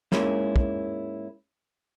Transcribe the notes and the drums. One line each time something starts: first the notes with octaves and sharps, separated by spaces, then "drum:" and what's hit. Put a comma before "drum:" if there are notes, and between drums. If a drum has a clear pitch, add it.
G#2 G#3 A#3 C#4 E4, drum: snare
drum: kick